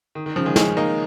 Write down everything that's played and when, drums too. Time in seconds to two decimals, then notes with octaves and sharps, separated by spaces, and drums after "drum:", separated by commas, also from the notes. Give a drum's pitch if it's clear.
0.15 D#3
0.26 D#3
0.36 C#3 F3
0.46 D#3 G#3
0.56 G#3 C#4, drum: snare
0.77 A#3 D#4